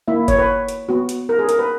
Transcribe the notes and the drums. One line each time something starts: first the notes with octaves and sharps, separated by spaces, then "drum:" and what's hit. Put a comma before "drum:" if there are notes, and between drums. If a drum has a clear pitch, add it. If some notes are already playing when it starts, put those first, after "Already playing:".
A#3 E4 E5
C#5, drum: kick G1, hi-hat
B4
drum: hi-hat
B3 F#4
drum: hi-hat
A#4
G#4
A#4, drum: hi-hat
B4